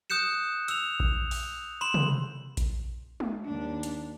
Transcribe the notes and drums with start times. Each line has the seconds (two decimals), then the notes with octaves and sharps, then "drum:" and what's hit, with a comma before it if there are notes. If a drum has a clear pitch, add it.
0.10 D#6 F#6 G6 C#7 E7
0.68 E6 F7, drum: hi-hat
1.00 drum: kick A#1
1.31 drum: open hi-hat
1.81 B5 C6 E7 F#7
1.94 drum: tom C3
2.57 drum: kick A#1, hi-hat
3.20 drum: tom G#3
3.46 D#2 D4
3.83 drum: hi-hat